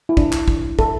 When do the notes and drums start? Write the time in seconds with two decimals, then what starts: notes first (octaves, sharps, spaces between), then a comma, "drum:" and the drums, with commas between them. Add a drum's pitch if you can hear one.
0.09 E4
0.17 D4, drum: kick
0.32 drum: clap
0.48 drum: kick
0.79 A4, drum: kick